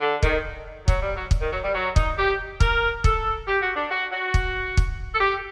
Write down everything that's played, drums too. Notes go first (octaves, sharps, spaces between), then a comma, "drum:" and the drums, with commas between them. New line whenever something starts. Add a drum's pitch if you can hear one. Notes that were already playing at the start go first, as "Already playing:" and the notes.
D3
D#3, drum: kick
F#3, drum: kick
G3
F#3
drum: kick
D#3
F#3
G3
F#3
D#4, drum: kick
G4
A#4, drum: kick
A4, drum: kick
G4
F#4
D4
F#4
F#4
drum: kick
drum: kick
A4
G4